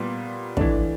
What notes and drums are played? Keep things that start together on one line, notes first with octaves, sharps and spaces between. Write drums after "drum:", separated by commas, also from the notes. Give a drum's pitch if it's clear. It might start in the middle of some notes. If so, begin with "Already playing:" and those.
Already playing: A#2 G3 B3
E3 A3 D4, drum: kick